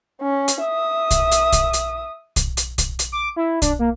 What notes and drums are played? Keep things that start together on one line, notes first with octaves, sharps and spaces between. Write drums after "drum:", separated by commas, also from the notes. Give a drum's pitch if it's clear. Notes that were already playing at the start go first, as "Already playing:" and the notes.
C#4
drum: hi-hat
E5 D#6
drum: kick, hi-hat
drum: hi-hat
drum: kick, hi-hat
drum: hi-hat
drum: kick, hi-hat
drum: hi-hat
drum: kick, hi-hat
drum: hi-hat
D6
E4
D4, drum: kick, hi-hat
A#3